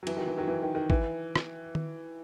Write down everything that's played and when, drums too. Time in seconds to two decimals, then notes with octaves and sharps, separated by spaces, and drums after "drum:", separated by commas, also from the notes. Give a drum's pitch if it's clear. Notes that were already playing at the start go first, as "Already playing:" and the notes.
0.03 F#3
0.07 E3, drum: cymbal
0.17 D#3 F#3
0.27 E3
0.37 D#3 F#3
0.48 E3
0.62 D#3
0.75 D#3
0.90 E3, drum: kick
1.36 drum: rim click
1.75 drum: tom D#3